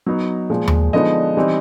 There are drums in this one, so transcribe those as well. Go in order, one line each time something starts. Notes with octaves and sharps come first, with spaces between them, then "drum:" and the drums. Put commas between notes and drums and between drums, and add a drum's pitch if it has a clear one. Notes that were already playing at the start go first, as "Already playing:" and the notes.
F#3 B3 D#4
A#2 F3 G#3
drum: tom D#2
D3 F3 G#3 B3 D#4 D#5
E3 G3 C4 D#4